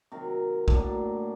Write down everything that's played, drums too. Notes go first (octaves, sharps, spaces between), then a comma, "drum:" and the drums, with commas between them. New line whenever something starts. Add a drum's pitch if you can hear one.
C3 D#3 F#3 A#4
A2 F#3 A#3 D4, drum: kick